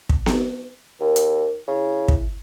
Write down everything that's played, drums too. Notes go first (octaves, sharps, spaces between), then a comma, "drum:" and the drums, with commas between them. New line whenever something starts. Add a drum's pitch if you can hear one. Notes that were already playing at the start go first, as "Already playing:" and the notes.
drum: kick
drum: snare B3
D#2 A#4
drum: hi-hat
C#3 E4
drum: kick